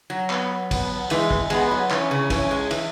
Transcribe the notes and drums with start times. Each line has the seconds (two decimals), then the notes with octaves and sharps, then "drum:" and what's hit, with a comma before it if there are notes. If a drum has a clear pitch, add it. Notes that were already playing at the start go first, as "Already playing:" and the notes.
0.10 F#3
0.30 B3, drum: clap
0.71 B3, drum: kick, cymbal
1.10 E3 G#3, drum: cymbal
1.31 drum: kick
1.50 G#3 B3, drum: cymbal
1.71 F#3
1.91 E3 C#4, drum: clap
2.11 C#3
2.30 E3 C#4, drum: kick, cymbal
2.51 G#3
2.71 E3, drum: cymbal